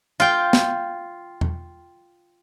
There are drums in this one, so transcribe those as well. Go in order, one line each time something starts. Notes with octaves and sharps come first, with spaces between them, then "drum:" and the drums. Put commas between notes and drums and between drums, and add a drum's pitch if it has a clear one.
F4 G5
drum: snare
drum: tom E2